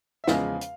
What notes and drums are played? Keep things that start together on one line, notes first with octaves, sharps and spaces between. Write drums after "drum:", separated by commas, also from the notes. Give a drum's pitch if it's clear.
E5
E2 C#3 F3 G#3 F5, drum: snare
drum: hi-hat